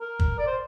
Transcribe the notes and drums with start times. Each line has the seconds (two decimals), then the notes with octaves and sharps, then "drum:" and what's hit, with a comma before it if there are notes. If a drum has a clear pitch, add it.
0.01 A#4
0.19 drum: kick
0.39 D5
0.47 C5